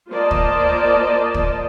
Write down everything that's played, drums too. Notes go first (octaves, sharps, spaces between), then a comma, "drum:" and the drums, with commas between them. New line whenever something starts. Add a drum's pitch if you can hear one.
A#3 F4 C5 D5 D#5 A5
drum: kick
drum: kick